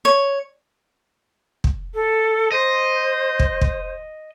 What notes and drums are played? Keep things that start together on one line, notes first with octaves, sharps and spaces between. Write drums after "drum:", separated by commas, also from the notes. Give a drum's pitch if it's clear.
C#5
drum: kick
A4
C5 D#5
drum: kick
drum: kick